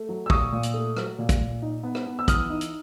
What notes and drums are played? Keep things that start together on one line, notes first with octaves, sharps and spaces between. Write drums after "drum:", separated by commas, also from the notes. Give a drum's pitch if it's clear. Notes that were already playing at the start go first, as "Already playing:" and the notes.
Already playing: A3
F#3
E6
A#2 C#6 D#6, drum: kick
A#2
drum: hi-hat
A3
F#3, drum: rim click
A#2
drum: kick, hi-hat
A#2
D#4
B3
drum: rim click
B3
E6
E3 D#6 F6, drum: kick, hi-hat
D#4
drum: hi-hat